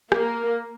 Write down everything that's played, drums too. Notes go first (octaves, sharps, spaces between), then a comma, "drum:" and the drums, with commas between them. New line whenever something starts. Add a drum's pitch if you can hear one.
A#3, drum: rim click